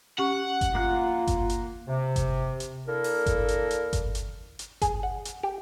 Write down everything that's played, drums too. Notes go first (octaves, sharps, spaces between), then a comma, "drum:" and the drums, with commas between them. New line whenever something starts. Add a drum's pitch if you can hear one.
C#4 G4 F#5 C#6
drum: kick G1, hi-hat
A#3 F4 F#6
drum: kick G1, hi-hat
drum: hi-hat
C3
drum: kick G1, hi-hat
drum: hi-hat
A#3 D4 E4 A4 A#4
drum: open hi-hat
drum: kick G1, hi-hat
drum: hi-hat
drum: hi-hat
drum: kick G1, hi-hat
drum: hi-hat
drum: hi-hat
G#4, drum: kick G1, hi-hat
F#5
drum: hi-hat
G4